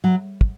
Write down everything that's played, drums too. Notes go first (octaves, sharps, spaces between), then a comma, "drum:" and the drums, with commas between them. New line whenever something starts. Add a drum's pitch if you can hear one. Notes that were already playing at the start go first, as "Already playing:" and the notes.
F#3
drum: kick